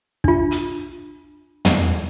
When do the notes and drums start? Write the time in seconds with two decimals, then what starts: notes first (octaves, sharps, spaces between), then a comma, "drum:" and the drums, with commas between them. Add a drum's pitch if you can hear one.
0.24 D4 F4, drum: kick
0.51 drum: hi-hat
1.65 drum: tom